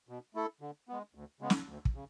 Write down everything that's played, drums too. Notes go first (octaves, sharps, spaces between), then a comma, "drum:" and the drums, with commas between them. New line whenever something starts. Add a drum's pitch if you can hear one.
B2
A3 E4 A4
D3
G#3 B3
D2
C#3 G#3 B3
drum: snare
D2
drum: kick
C#3